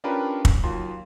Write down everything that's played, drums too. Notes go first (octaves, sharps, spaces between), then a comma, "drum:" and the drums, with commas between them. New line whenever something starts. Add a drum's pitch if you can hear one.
C#4 D4 F4 G4 A#4 B4
drum: kick
D#2 F#3 F4 C6